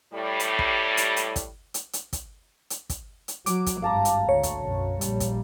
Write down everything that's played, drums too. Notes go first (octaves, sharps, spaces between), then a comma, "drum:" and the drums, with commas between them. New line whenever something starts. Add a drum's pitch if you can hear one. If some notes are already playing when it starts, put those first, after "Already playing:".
A2 G3
drum: hi-hat
drum: kick
drum: hi-hat
drum: hi-hat
drum: kick, hi-hat
drum: hi-hat
drum: hi-hat
drum: kick, hi-hat
drum: hi-hat
drum: kick, hi-hat
drum: hi-hat
F#3 D6, drum: hi-hat
drum: kick, hi-hat
G#1 G2 F5 A5 A#5
drum: hi-hat
D2 C#5
drum: kick, hi-hat
B1 F#2
A#1 G3, drum: hi-hat
drum: kick, hi-hat